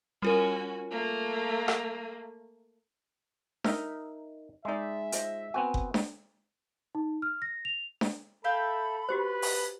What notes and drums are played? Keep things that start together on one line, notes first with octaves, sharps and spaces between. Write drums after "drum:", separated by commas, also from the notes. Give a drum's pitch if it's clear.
G3 C#4 F4 F#4 A#4
A3 A#3
drum: rim click
D#4 A#4 E5, drum: snare D4
G#3 D#4 G#4 D5 E5
F4 C5 D#5, drum: hi-hat
B3 C4 F#4 G#5
drum: kick F#1
drum: snare D4
D#4
F6
A#6
F7
drum: snare D4
A4 E5 F5 G5 B5
B3 F#4 G4 B4 C5
drum: open hi-hat